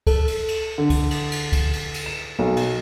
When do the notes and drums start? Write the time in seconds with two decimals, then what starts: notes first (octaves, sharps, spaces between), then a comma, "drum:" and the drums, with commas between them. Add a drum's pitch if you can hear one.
0.07 A4, drum: kick, cymbal
0.27 drum: cymbal
0.48 drum: cymbal
0.78 D3
0.90 drum: kick, cymbal
1.11 drum: cymbal
1.32 drum: cymbal
1.52 drum: kick, cymbal
1.73 drum: cymbal
1.94 drum: cymbal
2.06 E7
2.39 B1
2.57 drum: cymbal